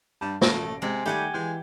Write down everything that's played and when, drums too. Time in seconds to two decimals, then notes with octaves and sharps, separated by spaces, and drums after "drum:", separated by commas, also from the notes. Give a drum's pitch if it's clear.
0.21 G2 G3 A5
0.41 A1 A3 A#6 D7, drum: snare
0.82 C3 G#3
1.06 D#3 G3 A3 G4 F#5 G#5
1.34 E3 G#3 G6